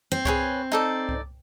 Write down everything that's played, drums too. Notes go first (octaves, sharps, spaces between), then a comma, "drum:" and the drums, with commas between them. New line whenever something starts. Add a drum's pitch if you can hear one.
C4
G#4 B4 C#5, drum: kick C2
D#4 A4 D5
drum: kick C2